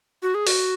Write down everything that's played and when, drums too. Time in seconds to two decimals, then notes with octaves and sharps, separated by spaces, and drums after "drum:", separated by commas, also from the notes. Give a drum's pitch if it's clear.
0.23 F#4
0.35 G#4
0.47 F#4, drum: open hi-hat